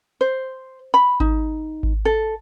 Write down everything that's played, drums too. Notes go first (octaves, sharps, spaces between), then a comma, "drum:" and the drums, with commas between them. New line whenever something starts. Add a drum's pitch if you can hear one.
C5
B5
D#4, drum: kick G#1
drum: kick G#1
A4